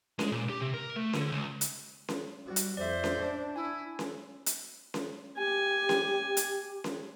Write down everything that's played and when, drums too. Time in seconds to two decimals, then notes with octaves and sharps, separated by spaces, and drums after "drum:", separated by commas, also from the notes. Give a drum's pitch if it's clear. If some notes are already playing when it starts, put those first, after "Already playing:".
0.19 G#3, drum: snare C#4
0.32 A#2
0.49 G4
0.61 C3
0.74 A#4
0.96 A3
1.13 D3, drum: snare C#4
1.32 C#2
1.61 drum: hi-hat
2.08 drum: snare C#4
2.46 G3 F#4
2.56 drum: hi-hat
2.77 F2 C5 D5 E5
3.04 drum: snare C#4
3.18 D4
3.56 E4 G#5
3.99 drum: snare C#4
4.46 drum: hi-hat
4.94 drum: snare C#4
5.38 G4 G#5
5.89 drum: snare C#4
6.37 drum: hi-hat
6.84 drum: snare C#4